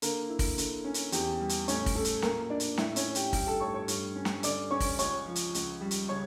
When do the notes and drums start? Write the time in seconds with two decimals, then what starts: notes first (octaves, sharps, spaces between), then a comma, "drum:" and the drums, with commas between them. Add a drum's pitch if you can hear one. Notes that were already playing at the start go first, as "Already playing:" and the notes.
0.02 D3 A#3 A#4, drum: hi-hat
0.29 E4
0.39 drum: kick, open hi-hat
0.58 D3, drum: hi-hat
0.84 C#4
0.94 drum: hi-hat
1.12 E2 G4, drum: hi-hat
1.40 G3
1.49 drum: hi-hat
1.68 A2 C#4 C#5, drum: hi-hat
1.86 drum: kick, open hi-hat
1.95 C#4 A4
2.05 drum: hi-hat
2.22 A#2 A#3 A#4, drum: snare
2.50 D4 D5
2.60 drum: hi-hat
2.78 A2 E4 E5, drum: snare
2.96 C#4 C#5, drum: hi-hat
3.05 D4
3.15 G4 G5, drum: hi-hat
3.33 G2 G4 G5, drum: kick, open hi-hat
3.47 A4 A5
3.60 A3 C#5 C#6
3.74 C#5 C#6
3.88 G2, drum: hi-hat
4.16 C#4
4.25 drum: snare
4.43 D3 D5 D6, drum: hi-hat
4.71 C#4 C#5 C#6
4.80 drum: kick, open hi-hat
4.99 C#2 C#5 C#6, drum: hi-hat
5.26 F3
5.36 drum: hi-hat
5.55 C#2, drum: hi-hat
5.81 G3
5.91 drum: hi-hat
6.09 C#3 C#5 C#6